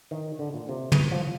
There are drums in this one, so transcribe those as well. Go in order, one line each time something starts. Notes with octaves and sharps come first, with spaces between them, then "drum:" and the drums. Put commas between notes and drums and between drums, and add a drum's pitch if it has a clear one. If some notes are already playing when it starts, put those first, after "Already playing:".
D#3
D3
A#2
C3
drum: tom
F3